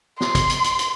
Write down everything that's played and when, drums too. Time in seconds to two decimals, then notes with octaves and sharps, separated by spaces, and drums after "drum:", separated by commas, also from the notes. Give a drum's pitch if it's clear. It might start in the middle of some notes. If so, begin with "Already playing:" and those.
0.20 C6, drum: snare
0.35 drum: kick, hi-hat
0.50 drum: hi-hat
0.64 drum: hi-hat
0.79 drum: hi-hat